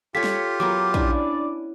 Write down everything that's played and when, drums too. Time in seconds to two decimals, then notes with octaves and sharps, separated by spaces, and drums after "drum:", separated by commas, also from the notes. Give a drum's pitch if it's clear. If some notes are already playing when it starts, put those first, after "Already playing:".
0.15 F4 G4 A4 C#5 B6
0.24 drum: snare
0.60 F#3 B3 A#4 D6
0.94 C#4 D4 E4 B4 D5, drum: kick